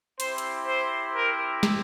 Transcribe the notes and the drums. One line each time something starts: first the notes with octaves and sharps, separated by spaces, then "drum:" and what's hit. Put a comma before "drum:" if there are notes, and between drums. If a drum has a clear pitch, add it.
C4 E4 G4 C5, drum: hi-hat
drum: hi-hat
C5
A#4
drum: snare